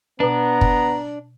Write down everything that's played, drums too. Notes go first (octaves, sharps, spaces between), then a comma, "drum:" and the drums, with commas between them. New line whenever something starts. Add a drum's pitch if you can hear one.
B2 B3 D4 B4 A#5
drum: kick